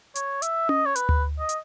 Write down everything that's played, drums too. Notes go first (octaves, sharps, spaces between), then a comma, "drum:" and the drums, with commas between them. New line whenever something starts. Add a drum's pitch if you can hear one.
C#5, drum: hi-hat
E5, drum: hi-hat
D#5, drum: tom C#4
C#5
B4, drum: hi-hat
drum: tom D2
D#5
drum: hi-hat